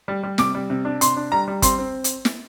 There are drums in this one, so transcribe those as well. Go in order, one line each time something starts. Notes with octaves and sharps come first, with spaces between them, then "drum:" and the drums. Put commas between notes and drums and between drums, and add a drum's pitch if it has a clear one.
G3
G3
C3 D6, drum: snare
G3
C3
D4
C3 C6, drum: hi-hat
D4
G3 A#5
G3
C4 C6, drum: kick, hi-hat
C4
drum: hi-hat
drum: snare